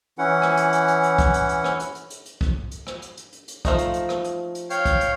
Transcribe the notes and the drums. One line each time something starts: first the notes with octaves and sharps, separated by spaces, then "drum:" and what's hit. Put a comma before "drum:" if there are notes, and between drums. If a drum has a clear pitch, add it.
E3 C#4 E4 F#5
drum: rim click
drum: hi-hat
drum: hi-hat
drum: hi-hat
drum: hi-hat
drum: kick, hi-hat
drum: hi-hat
drum: hi-hat
drum: rim click
drum: hi-hat
drum: hi-hat
drum: hi-hat
drum: hi-hat
drum: kick
drum: hi-hat
drum: rim click
drum: hi-hat
drum: hi-hat
drum: hi-hat
drum: hi-hat
F3 A3 D#4, drum: kick, hi-hat
drum: hi-hat
drum: hi-hat
drum: rim click
drum: hi-hat
drum: hi-hat
C#5 F5 G5, drum: hi-hat
drum: kick, hi-hat
drum: hi-hat